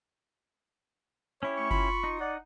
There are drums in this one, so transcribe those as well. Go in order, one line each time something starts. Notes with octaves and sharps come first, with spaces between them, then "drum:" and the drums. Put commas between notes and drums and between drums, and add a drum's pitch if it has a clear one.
C#4 E4 G4 C#5
A3 C#6
F4 B5, drum: kick F#1
D#4
D5 F#5